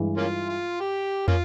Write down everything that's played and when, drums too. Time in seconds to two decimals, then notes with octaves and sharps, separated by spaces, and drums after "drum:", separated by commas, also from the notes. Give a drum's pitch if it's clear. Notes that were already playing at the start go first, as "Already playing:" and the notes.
Already playing: G2 E3 G#3
0.17 A#3 C#4 F4
0.49 F4
0.80 G4
1.28 A#3 C#4 F4, drum: tom